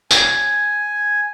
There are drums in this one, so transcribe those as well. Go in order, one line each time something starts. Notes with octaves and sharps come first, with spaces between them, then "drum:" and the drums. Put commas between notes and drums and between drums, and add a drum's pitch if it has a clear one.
G#5, drum: tambourine